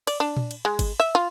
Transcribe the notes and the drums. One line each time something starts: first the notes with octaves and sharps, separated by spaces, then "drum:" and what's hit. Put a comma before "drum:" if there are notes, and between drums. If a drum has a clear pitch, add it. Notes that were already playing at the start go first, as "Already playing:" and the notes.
D5, drum: cymbal
D4
drum: tom A#2
drum: cymbal
G#3
drum: kick, cymbal
E5
F4